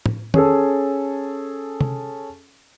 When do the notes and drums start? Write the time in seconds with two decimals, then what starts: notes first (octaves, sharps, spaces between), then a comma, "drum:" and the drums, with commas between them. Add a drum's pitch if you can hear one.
0.06 drum: tom
0.34 C#4 G#4 A4, drum: tom
1.81 drum: tom C3